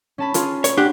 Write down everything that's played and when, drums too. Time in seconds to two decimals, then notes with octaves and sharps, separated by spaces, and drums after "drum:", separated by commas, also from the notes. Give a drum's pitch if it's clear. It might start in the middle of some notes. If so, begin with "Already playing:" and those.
0.18 C#4 A5 B5
0.34 C#4 F4 G#4, drum: hi-hat
0.64 C#5, drum: hi-hat
0.77 D4 G4 F#5